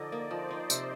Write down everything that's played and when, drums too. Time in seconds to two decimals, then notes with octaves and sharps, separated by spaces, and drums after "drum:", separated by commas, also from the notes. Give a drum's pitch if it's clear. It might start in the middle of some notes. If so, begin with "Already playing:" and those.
Already playing: D3 F3 D#4 D5 D#5
0.12 A#3
0.31 F3 C5
0.51 D#4
0.70 C3, drum: tambourine